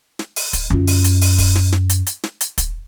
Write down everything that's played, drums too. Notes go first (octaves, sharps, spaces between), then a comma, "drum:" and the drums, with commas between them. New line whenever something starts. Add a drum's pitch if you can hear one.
drum: snare
drum: open hi-hat
drum: kick, hi-hat
F#2 F4, drum: tom D3
drum: open hi-hat
drum: hi-hat
drum: open hi-hat
drum: kick, open hi-hat
drum: snare
drum: snare
drum: hi-hat
drum: hi-hat
drum: snare
drum: hi-hat
drum: kick, hi-hat